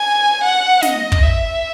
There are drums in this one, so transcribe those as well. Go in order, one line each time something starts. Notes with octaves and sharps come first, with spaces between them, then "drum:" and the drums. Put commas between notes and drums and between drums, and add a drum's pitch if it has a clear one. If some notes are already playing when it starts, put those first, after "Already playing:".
Already playing: G#5
F#5
D#5, drum: snare
drum: kick
E5